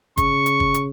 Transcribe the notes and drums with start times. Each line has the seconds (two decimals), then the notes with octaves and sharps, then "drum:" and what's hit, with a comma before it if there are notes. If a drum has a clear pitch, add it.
0.17 C#3 C#6, drum: kick G1, hi-hat
0.46 drum: hi-hat
0.60 drum: kick G1
0.74 drum: hi-hat